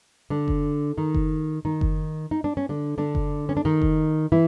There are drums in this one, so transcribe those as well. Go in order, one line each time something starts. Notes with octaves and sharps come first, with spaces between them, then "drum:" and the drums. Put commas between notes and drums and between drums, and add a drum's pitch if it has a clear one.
D3 D4
drum: kick F#1
D#3 D#4
drum: kick F#1
D#3 D#4
drum: kick F#1
D#4
D4
C#4
D3 D4
D3 D4
drum: kick F#1
C#4
D4
D#3 D#4
drum: kick F#1
E3 E4